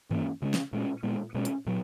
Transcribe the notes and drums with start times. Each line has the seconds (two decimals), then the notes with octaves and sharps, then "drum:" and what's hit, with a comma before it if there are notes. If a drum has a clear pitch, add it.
0.11 E3 A#3 C#4, drum: tom G2
0.42 C#3 G#3 C#4
0.54 drum: snare
0.73 A#2 G#3 C#4
1.03 A#2 G#3 B3
1.34 B2 G#3 C#4
1.45 drum: hi-hat
1.66 A#2 F#3